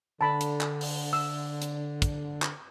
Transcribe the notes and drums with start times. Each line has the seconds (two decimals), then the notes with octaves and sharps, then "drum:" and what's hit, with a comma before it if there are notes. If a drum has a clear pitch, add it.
0.21 D3 A5 B5
0.41 drum: hi-hat
0.61 drum: clap
0.81 drum: open hi-hat
1.13 E6
1.62 drum: hi-hat
2.02 drum: kick, hi-hat
2.42 drum: clap